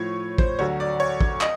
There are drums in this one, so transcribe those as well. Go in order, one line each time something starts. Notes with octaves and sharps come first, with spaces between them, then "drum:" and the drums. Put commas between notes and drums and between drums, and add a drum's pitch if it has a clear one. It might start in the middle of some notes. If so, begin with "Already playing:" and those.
Already playing: A2 F3 C#5
C5, drum: kick
D2 D3 F#3 C#5
D5
C#5
drum: kick
D#5, drum: clap